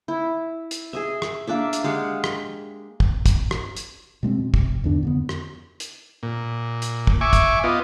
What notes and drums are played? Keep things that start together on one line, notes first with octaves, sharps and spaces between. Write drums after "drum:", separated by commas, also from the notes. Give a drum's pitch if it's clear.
E4
drum: hi-hat
G#4 D#5 E5
drum: rim click
A#3 D4 D5 E5
drum: hi-hat
G#3 G4 F5 F#5
drum: rim click
drum: kick
drum: kick, hi-hat
drum: rim click
drum: hi-hat
B2 G#3 A3 C4
B2
C3, drum: kick
F1
E2 G#2 D3 D4
F2 D3 B3
drum: rim click
drum: hi-hat
A#2
drum: hi-hat
drum: kick
E5 G#5 C#6 D6
drum: kick, hi-hat
B3 F4 D#5